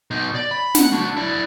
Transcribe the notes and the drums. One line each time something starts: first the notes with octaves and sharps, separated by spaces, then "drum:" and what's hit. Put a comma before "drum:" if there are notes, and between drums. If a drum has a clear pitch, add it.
B2 D#4
D5
B5
F#5, drum: snare
D4 F#4
E4 D5